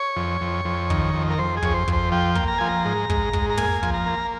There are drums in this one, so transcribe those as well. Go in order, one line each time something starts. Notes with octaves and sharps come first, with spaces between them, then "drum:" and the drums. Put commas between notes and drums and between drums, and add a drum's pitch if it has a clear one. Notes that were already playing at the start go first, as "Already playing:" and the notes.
Already playing: C#5
F2
F2
F2
D#3, drum: kick
F2
A#4
F2 C5
G#4
F2 C#5, drum: kick
C5
F2, drum: kick
C5
F3 G5
A#3, drum: kick
A#5
F3 G#5
A#5
G#2
G#2, drum: kick
G#2, drum: kick
A#5
A#3 G#5, drum: tom
F3, drum: kick
A#5
A#3